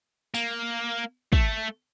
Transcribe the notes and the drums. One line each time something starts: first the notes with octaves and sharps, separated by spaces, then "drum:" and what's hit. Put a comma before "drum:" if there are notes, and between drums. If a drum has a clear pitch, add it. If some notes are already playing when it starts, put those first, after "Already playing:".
A#3, drum: tambourine
A3, drum: kick